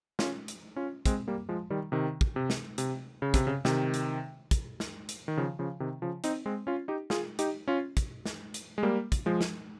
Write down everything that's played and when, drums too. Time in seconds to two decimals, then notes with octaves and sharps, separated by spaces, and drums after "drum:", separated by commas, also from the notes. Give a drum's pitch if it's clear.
0.19 C#4 F4, drum: snare
0.48 drum: hi-hat
0.76 C#4 F4
1.06 G#3 C4, drum: kick, hi-hat
1.28 G3 A#3
1.49 F3 G#3
1.70 D#3 G3
1.92 C3 D#3
2.21 drum: kick
2.36 C3
2.50 drum: snare
2.78 C3, drum: hi-hat
3.22 C#3
3.34 C3, drum: kick, hi-hat
3.47 C#3
3.65 C3 D#3, drum: snare
3.94 drum: hi-hat
4.51 drum: kick, hi-hat
4.80 drum: snare
5.09 drum: hi-hat
5.28 D#3
5.37 C#3 F3
5.59 C#3 F3
5.80 C3 D#3
6.02 C#3 F3
6.24 C4 D#4, drum: hi-hat
6.46 G#3 C4
6.67 C#4 F4
6.88 D#4 G4
7.10 F4 G#4, drum: snare
7.39 D#4 G4, drum: hi-hat
7.68 C#4 F4
7.97 drum: kick, hi-hat
8.25 drum: snare
8.54 drum: hi-hat
8.78 G#3
8.83 G3 A#3
9.12 drum: kick, hi-hat
9.26 F3 G#3
9.41 drum: snare